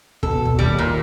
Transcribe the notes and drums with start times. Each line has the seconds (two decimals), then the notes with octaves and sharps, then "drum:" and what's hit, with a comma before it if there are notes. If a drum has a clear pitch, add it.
0.23 B2 A4, drum: kick
0.45 drum: kick
0.59 D#2 G3
0.79 A#2